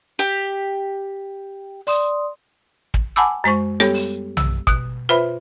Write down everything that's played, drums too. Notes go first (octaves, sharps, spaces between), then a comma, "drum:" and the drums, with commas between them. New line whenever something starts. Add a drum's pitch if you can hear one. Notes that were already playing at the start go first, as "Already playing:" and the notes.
G4
D5 C6 D#6, drum: open hi-hat
drum: kick
F#5 G#5 A5 B5 D6 E6
F#2 G#3 C5 C#6
G3 B3 G4 A4 C#5, drum: snare
drum: open hi-hat
E6, drum: tom B1
B2 F#6, drum: kick
F4 B4 C5 E5 B5